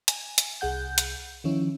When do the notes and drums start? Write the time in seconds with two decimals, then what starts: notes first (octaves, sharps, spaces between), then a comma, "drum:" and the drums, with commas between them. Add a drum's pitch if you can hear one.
0.08 G#5, drum: hi-hat
0.38 drum: hi-hat
0.61 C2 G#4 F#5 G6
0.98 drum: hi-hat
1.44 D#3 F3 C#4 E4